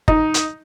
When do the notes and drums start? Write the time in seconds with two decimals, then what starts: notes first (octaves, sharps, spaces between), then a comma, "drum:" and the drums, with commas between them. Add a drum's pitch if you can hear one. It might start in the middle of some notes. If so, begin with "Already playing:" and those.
0.08 D#4, drum: kick G1
0.34 drum: hi-hat